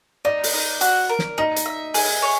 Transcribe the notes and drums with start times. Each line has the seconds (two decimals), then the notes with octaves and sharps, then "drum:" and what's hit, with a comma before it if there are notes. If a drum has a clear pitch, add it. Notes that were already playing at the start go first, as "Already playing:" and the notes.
0.25 D#4 D5
0.44 drum: open hi-hat
0.53 D#4
0.81 F#4, drum: hi-hat
1.09 A#4
1.19 drum: snare
1.38 D#4 D#5
1.56 drum: hi-hat
1.66 E5
1.94 G#4, drum: open hi-hat
2.22 C#5